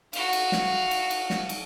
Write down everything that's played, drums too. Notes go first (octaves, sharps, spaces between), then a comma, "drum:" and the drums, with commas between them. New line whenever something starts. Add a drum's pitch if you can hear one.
F#4 F5, drum: cymbal
drum: cymbal
drum: snare
drum: cymbal
drum: cymbal
drum: snare
drum: cymbal